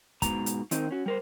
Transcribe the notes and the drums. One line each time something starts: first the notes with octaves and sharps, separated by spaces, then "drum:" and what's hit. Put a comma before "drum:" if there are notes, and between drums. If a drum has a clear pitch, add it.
G#2 B2 A#5, drum: kick, hi-hat
drum: hi-hat
D#3 C4 D#4 A#4, drum: hi-hat
C#4 F#4
G3 A#4 C5